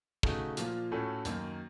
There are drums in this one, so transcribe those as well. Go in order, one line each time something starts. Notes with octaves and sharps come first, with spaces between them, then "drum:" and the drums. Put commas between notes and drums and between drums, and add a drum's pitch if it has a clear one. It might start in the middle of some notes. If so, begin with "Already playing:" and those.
C#3 A3 D#4 F#4, drum: kick
A#2 F3 A#3 F4, drum: hi-hat
A2 A3 C#4 F#4 A4
F#2 D#3 A#3, drum: hi-hat